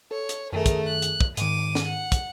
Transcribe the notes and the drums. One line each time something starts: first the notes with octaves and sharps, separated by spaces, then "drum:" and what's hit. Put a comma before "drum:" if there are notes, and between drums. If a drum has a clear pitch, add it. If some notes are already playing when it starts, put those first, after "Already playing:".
A4 C#5
drum: hi-hat
F#2 D#3 A3 G#4 A#4
drum: kick, hi-hat
F#6
drum: hi-hat
drum: kick
G#2 D#3 D6 D#7, drum: hi-hat
drum: snare
F#5
drum: kick, hi-hat